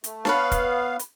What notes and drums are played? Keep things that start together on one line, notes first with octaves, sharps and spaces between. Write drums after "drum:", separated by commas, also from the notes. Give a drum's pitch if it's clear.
A3, drum: hi-hat
B3 B4 C#5 F5 A5, drum: snare
drum: kick, hi-hat
drum: hi-hat